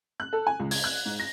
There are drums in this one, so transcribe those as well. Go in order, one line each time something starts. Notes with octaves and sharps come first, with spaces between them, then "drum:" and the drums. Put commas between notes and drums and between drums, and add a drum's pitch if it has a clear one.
F#6
A4
G#5
C#2
G#6, drum: open hi-hat
F#6
G#2
A#6